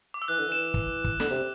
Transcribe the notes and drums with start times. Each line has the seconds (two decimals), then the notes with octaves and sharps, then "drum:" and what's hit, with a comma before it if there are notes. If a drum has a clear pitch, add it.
0.14 D6
0.22 E6
0.28 E3 F#6
0.39 D3
0.49 E3 E7
0.74 drum: kick
1.04 drum: kick
1.20 D3, drum: snare
1.31 C3